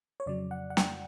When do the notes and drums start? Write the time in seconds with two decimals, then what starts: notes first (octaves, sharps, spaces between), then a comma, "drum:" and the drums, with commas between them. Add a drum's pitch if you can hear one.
0.20 C#5
0.26 F2 C#3 F#3 D5
0.51 F#5
0.70 F#5
0.77 G5, drum: snare